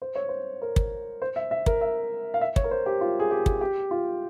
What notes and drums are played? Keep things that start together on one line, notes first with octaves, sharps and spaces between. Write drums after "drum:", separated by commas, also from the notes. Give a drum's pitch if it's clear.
C5
C#5
C5
A#4
drum: kick
C5
E5
E5
A#4, drum: kick
E5
F5
E5
C#5, drum: kick
A#4
C5
G4
F4
G#4
G4
drum: kick
G4
F4